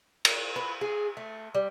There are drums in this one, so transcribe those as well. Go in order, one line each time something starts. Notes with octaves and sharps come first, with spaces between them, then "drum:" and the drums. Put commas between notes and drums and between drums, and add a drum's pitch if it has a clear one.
drum: cymbal
B4
G#4
A3
G3